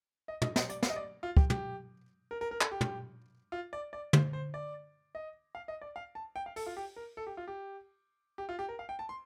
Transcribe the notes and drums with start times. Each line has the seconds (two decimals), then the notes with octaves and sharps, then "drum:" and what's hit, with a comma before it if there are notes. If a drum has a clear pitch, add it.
0.28 D#5
0.42 D#5, drum: tom
0.56 D#5, drum: snare
0.69 D5, drum: hi-hat
0.83 F5, drum: snare
0.90 D#5
0.96 D5
1.23 F4
1.37 G4, drum: kick
1.50 G4, drum: tom
2.31 A#4
2.41 A#4
2.51 A#4
2.61 A4, drum: clap
2.72 G4
2.81 drum: tom
3.52 F4
3.73 D5
3.93 D5
4.13 C5, drum: tom
4.33 C5
4.54 D5
5.15 D#5
5.55 F5
5.68 D#5
5.81 D5
5.96 F5
6.15 A5
6.36 G5
6.46 F5
6.56 A4, drum: open hi-hat
6.66 F4
6.77 G4
6.96 A#4
7.17 A4
7.27 G4
7.37 F4
7.48 G4
8.38 G4
8.49 F4
8.59 G4
8.69 A#4
8.79 F5
8.89 G5
8.99 A5
9.09 C6